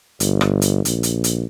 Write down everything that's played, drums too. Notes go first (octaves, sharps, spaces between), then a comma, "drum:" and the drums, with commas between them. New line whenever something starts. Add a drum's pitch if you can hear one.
G1, drum: hi-hat
drum: rim click
drum: hi-hat
A#1, drum: hi-hat
drum: hi-hat
drum: hi-hat